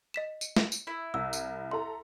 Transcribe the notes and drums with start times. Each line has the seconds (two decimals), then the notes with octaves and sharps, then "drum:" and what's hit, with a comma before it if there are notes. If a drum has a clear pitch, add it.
0.14 D#5 B6 E7
0.41 drum: tambourine
0.57 drum: snare
0.72 drum: tambourine
0.87 E4
1.14 C2 E6
1.33 drum: tambourine
1.71 E4 A4 A#5 C6